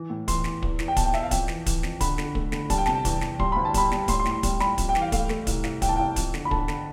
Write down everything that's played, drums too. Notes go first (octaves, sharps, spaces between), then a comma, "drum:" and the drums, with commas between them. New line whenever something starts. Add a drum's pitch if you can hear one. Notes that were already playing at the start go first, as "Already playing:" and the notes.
Already playing: E3
A2
E3 C6, drum: kick, hi-hat
E3, drum: snare
E2, drum: kick
E2, drum: snare
G5
B2 A5, drum: kick, hi-hat
G5
B2 E5, drum: snare
F5
F2 G5, drum: kick, hi-hat
E3, drum: snare
E3, drum: kick, hi-hat
F2, drum: snare
D3 B5, drum: kick, hi-hat
D3, drum: snare
A3, drum: kick
D3, drum: snare
G3 A5, drum: kick, hi-hat
G5
C3 A5, drum: snare
E2, drum: kick, hi-hat
E2, drum: snare
G3 C6, drum: kick
D2 B5
A5
G3 B5, drum: kick, hi-hat
G3, drum: snare
A2 C6, drum: kick, hi-hat
C6
A2, drum: snare
C6
G3, drum: kick, hi-hat
G3 B5, drum: snare
F2, drum: kick, hi-hat
G5
E3, drum: snare
F5
A3 F5, drum: kick, hi-hat
A3, drum: snare
C2, drum: kick, hi-hat
C2, drum: snare
C2 G5, drum: kick, hi-hat
A5
C2 G5
F2, drum: kick, hi-hat
D3, drum: snare
B5
D3 A5, drum: kick
D3, drum: snare